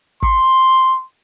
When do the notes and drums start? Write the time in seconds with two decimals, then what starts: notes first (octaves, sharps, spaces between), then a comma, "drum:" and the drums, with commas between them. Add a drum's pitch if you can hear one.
0.22 C6, drum: kick